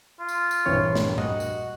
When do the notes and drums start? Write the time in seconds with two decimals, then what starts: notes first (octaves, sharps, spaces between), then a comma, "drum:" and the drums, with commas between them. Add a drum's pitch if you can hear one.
0.19 F4
0.28 drum: tambourine
0.51 drum: tambourine
0.66 A#1 G2 E3 C4 C#5
0.95 drum: snare
1.18 F#4 D#5, drum: tom G2
1.40 drum: tambourine